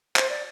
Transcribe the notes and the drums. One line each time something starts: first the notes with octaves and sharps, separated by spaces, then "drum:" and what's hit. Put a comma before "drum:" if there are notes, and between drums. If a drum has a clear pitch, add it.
C5, drum: clap
D5